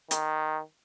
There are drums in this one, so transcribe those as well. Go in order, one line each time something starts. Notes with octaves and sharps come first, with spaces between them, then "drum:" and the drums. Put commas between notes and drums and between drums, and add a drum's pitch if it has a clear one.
D#3, drum: hi-hat